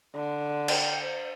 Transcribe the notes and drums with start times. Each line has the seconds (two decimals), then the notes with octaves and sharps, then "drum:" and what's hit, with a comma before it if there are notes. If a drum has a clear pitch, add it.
0.15 D3
0.68 G5, drum: cymbal
1.01 C5